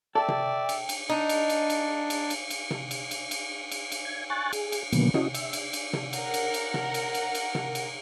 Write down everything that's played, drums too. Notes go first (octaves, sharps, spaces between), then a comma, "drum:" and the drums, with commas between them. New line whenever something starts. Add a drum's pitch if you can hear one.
A4 D5 E5 G5
drum: tom C3
drum: cymbal
drum: cymbal
D4 D#4
drum: cymbal
drum: cymbal
drum: cymbal
drum: cymbal
drum: cymbal
drum: cymbal
drum: tom C3
drum: cymbal
drum: cymbal
drum: cymbal
drum: cymbal
drum: cymbal
G#6
G#5 C#6 F#6 A6
G#4, drum: cymbal
drum: cymbal
B2 D3 D#3 F#3 A#3 B3, drum: cymbal
C#4 E4 F#4 D#5, drum: tom C3
E5, drum: cymbal
drum: cymbal
drum: cymbal
drum: tom C3
A#4 F#5, drum: cymbal
drum: cymbal
drum: cymbal
drum: tom C3
drum: cymbal
drum: cymbal
drum: cymbal
drum: tom C3
drum: cymbal